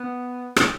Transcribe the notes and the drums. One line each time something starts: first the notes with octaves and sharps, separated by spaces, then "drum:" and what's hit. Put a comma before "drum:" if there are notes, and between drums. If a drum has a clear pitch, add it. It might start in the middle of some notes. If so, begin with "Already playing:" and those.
Already playing: B3
drum: rim click